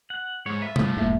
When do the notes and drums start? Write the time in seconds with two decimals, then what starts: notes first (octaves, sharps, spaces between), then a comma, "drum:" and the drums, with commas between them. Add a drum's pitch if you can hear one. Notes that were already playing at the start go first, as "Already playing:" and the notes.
0.10 F#5
0.46 G#2 C#5
0.62 F4 B4 E5
0.76 G2 A3, drum: tom
0.97 E1 G#2 A#3 E5